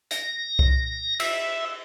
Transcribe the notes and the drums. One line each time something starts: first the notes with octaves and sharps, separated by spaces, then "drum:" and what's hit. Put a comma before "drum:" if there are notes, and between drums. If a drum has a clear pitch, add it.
A#6, drum: hi-hat
drum: kick C2
E5, drum: cymbal